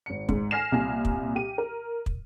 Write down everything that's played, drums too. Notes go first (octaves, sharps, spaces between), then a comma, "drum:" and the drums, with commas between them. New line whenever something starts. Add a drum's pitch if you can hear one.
G#1 C#7
G#2, drum: kick
G#5 F6 A#6 C7 E7
C2 A#2 G#5
drum: kick
G4 D#7
A#4
drum: kick